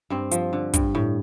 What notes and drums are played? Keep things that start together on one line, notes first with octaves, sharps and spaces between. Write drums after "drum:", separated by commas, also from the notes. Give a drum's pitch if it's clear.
G2 C4
F3, drum: hi-hat
D3
G2, drum: kick, hi-hat
A2